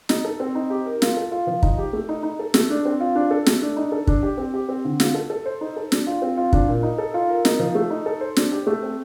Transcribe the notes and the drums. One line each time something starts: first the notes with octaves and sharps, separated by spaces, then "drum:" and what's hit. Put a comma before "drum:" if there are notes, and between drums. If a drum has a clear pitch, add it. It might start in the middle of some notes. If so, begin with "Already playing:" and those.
D#4, drum: snare
A4
C4
D#4
G4
A#4
F4, drum: snare
A4
F4
F3
D#4, drum: kick
G4
A3
D#4
D#4
A4
A3, drum: snare
D4
C4
F4
D4
A4
A3, drum: snare
D4
D#4
A4
D4, drum: kick
G4
C4
G4
C4
D3
F4, drum: snare
A4
A4
C5
D#4
A4
D4, drum: snare
F4
C4
F4
D4, drum: kick
A#2
D#4
A4
F4
A#4
D#4, drum: snare
F3
A3
D#4
A4
C5
D4, drum: snare
G4
A3
C4